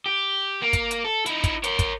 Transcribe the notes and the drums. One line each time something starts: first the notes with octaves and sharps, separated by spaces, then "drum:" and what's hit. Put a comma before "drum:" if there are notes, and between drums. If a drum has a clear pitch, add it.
G4
A#3
drum: kick, hi-hat
drum: hi-hat
A4
D#4 E4, drum: hi-hat
drum: kick, hi-hat
A#4 C#5, drum: hi-hat
drum: kick, hi-hat